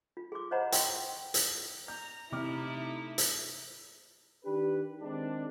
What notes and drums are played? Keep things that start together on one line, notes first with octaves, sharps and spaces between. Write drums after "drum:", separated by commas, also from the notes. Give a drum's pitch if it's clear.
F4
G#4 C6 D6
C5 C#5 D#5 F#5 A#5 B5
G5 C6 C#6, drum: hi-hat
drum: hi-hat
A#5 G6
C3 A3 D#4 E4 D6 F6
drum: hi-hat
D#3 D4 G4 B4
D#3 G#3 C4 D4